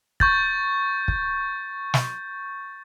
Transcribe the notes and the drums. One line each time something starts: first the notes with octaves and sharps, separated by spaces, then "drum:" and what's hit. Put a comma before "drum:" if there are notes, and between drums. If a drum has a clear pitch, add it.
C#6 G6 A6, drum: kick
drum: kick
drum: snare